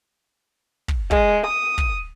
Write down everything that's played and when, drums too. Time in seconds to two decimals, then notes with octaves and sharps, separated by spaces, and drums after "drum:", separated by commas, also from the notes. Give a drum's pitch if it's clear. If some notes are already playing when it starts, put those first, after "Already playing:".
0.88 drum: kick
1.11 G#3, drum: kick
1.47 D#6
1.78 drum: kick